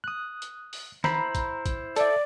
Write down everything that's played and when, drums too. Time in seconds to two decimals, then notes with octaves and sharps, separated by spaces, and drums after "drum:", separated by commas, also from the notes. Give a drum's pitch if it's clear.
0.04 D#6 F#6
0.42 drum: hi-hat
0.73 drum: open hi-hat
1.04 E4 C5 A#5 B5, drum: snare
1.35 drum: kick, hi-hat
1.66 drum: kick, hi-hat
1.96 A4 D5 E5, drum: hi-hat